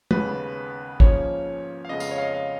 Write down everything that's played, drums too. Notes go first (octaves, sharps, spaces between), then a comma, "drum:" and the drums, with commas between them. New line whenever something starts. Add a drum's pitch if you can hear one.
D#2 C#3 G#3 B3 B4, drum: tom
G#2 F3 A#3 C#4 C#5, drum: kick
F5
F2 C#3 G#3 B3 D#5
F5, drum: tambourine
C#5
F5
D#5
F5